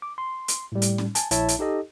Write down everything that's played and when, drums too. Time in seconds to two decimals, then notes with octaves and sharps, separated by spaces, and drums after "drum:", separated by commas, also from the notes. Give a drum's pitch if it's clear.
0.02 D6
0.18 C6
0.48 drum: hi-hat
0.72 A2 G3
0.82 drum: hi-hat
0.98 drum: snare C#4
1.15 G#5 A5, drum: hi-hat
1.31 A#1 E4 C#5 E5 A5, drum: hi-hat
1.48 drum: hi-hat
1.59 D#4 G4 A4 D#5